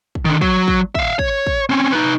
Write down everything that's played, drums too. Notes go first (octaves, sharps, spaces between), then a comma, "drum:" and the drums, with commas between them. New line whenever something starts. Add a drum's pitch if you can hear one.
drum: kick
D3 D#3
F#3, drum: kick
drum: kick
E5 F5, drum: kick
C#5, drum: kick
drum: kick
C4 C#4
D#4 B4